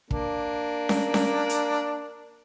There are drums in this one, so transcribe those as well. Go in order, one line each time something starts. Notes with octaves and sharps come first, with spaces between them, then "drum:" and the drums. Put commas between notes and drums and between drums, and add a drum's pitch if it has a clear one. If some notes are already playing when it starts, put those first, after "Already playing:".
A#3 D4, drum: kick
drum: snare C#4
drum: snare C#4
drum: hi-hat